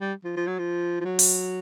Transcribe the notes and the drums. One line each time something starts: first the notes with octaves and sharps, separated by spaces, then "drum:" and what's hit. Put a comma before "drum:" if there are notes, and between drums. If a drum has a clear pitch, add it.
G3
F3
F3
F#3
F3
F3
F#3
drum: open hi-hat